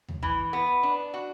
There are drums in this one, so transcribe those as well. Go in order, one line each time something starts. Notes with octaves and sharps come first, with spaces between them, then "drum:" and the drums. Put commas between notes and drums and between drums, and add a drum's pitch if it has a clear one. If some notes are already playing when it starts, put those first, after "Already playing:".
drum: tom D#2
E3, drum: kick
B3
D4
F#4